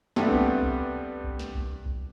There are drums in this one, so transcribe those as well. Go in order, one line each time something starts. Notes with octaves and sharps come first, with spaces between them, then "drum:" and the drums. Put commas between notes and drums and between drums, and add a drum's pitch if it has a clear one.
G2 C3 A3 B3, drum: snare
drum: kick C2
drum: kick C2
drum: kick C2
drum: snare
drum: kick C2
drum: kick C2